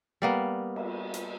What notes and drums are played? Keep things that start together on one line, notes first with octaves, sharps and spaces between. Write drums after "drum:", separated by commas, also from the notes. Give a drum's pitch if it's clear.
G3 A#3 B3
drum: cymbal
drum: hi-hat